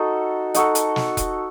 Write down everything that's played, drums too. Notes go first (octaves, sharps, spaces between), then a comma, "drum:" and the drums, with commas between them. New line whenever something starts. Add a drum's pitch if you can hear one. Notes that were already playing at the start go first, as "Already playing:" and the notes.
Already playing: D#4 F#4 A4
D#4 F#4 A4, drum: hi-hat
drum: hi-hat
drum: snare
drum: kick E1, hi-hat